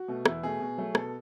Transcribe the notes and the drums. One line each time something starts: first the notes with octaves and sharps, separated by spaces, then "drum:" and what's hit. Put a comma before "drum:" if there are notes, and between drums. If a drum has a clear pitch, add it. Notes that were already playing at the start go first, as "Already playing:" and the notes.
Already playing: F#4
B2 A3
E2 E4, drum: rim click
B2 A3 G#4
B2
F#3 A3
B2 A4, drum: rim click